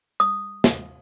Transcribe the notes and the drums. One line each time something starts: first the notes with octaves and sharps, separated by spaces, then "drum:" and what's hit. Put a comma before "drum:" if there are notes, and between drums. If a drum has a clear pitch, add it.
D#6
drum: snare